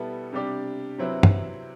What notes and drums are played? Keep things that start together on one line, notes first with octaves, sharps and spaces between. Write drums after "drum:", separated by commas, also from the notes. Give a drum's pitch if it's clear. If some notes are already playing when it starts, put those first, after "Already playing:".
Already playing: B2 G3 B3 E4 A4
C3 G3 D4 G4 D5
C3 F#3 C4 E4 B4
drum: tom